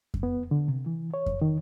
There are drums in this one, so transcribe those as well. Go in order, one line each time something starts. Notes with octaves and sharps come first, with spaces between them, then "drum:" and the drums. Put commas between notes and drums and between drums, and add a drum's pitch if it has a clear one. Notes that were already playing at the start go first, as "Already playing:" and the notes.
drum: kick F2
B3
D3
C3
E3
C#5
drum: kick F2
D#3